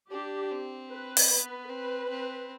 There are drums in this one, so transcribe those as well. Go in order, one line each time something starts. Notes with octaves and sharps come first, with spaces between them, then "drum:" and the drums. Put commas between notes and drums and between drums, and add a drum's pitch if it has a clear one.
D4 G4
C4
B4
drum: open hi-hat
B3 B4
C4 B4
C4